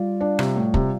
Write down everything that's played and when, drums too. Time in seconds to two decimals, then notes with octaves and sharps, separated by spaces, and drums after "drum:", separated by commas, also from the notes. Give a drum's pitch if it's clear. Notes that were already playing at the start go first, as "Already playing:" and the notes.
Already playing: G3 F4 D5 F5
0.21 D4
0.39 C3, drum: rim click
0.56 A2
0.74 C3, drum: kick